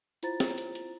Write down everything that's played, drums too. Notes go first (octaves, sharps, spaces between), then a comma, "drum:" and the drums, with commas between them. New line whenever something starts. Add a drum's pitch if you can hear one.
E4 F4 C5 A#5 A6, drum: hi-hat
drum: snare
drum: hi-hat
drum: hi-hat